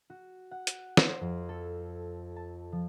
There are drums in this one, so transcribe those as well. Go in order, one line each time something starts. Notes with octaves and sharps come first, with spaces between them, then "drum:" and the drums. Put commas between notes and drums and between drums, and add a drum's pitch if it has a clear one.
F#4
F#5
drum: hi-hat
C5, drum: snare
F2
A4
A5
F3